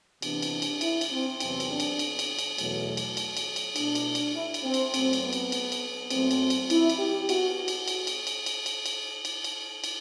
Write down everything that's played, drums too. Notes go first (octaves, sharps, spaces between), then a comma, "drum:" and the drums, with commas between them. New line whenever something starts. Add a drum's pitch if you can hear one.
C3 E3 B3 D4, drum: cymbal
drum: cymbal
drum: cymbal
E4, drum: cymbal
drum: cymbal
C4
E2 C3 F#3 B3 C4, drum: cymbal
drum: cymbal
D4
drum: cymbal
drum: cymbal
drum: cymbal
drum: cymbal
E2 B2 F#3 A3, drum: cymbal
drum: cymbal
drum: cymbal
drum: cymbal
drum: cymbal
B2 A3 D4, drum: cymbal
drum: cymbal
drum: cymbal
E4
drum: cymbal
C4
drum: cymbal
F#2 F#3 A3 C4, drum: cymbal
drum: cymbal
B3
drum: cymbal
drum: cymbal
drum: cymbal
F#2 F#3 A3 C4, drum: cymbal
drum: cymbal
drum: cymbal
E4, drum: cymbal
drum: cymbal
G4
B3 F#4, drum: cymbal
drum: cymbal
drum: cymbal
drum: cymbal
drum: cymbal
drum: cymbal
drum: cymbal
drum: cymbal
drum: cymbal
drum: cymbal
drum: cymbal